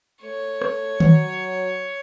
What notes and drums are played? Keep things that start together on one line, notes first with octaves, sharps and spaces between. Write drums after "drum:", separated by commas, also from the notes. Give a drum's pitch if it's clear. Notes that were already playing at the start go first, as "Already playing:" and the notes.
A3 C#5
drum: rim click
F#3, drum: tom D#3